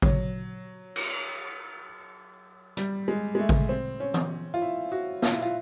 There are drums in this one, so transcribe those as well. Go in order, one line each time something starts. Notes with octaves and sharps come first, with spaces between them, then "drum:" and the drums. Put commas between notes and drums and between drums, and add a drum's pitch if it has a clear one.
F#3, drum: kick A1
drum: cymbal
G3, drum: hi-hat
G#3
G#3
A3
drum: kick A1
C4
C#4
drum: tom E3
F4
E4
F#4
F4, drum: snare
E4
F4